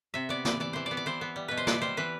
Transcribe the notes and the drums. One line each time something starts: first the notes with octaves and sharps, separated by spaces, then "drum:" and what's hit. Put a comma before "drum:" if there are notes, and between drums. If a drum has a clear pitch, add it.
C3 E5
B3 D5
E3 D5, drum: snare
E3 D5
E3 C5
D5
B3
D5
E3 C5
B3
G3
B2 B4
C5
B3 D5, drum: snare
G3 C5
E3 B4